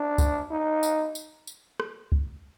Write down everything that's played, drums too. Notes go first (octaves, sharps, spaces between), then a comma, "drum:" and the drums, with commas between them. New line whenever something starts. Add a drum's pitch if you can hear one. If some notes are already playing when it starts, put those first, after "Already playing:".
Already playing: D4
drum: kick C2, tambourine
D#4
drum: tambourine
drum: tambourine
drum: tambourine
drum: rim click
drum: kick C2